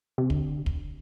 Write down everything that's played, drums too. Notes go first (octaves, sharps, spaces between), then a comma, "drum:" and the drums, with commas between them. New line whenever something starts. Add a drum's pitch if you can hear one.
C3
D3, drum: kick
drum: kick